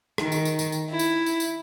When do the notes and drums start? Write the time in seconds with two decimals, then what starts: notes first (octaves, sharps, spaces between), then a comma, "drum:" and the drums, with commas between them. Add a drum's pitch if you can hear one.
0.18 D#3, drum: rim click
0.32 drum: tambourine
0.45 drum: tambourine
0.59 drum: tambourine
0.72 drum: tambourine
0.90 E4
0.99 drum: tambourine
1.26 drum: tambourine
1.40 drum: tambourine